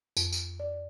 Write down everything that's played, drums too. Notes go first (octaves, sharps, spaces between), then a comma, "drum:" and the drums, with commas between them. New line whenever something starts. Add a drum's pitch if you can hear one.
F2, drum: tambourine
drum: tambourine
D5